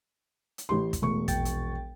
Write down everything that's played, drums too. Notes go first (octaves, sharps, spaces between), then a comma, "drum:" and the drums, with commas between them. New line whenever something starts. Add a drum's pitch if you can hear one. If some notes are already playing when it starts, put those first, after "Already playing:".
drum: hi-hat
A1 G4 C6
drum: kick, hi-hat
E1 A3 C#6
A#1 G5 A6, drum: kick, hi-hat
drum: hi-hat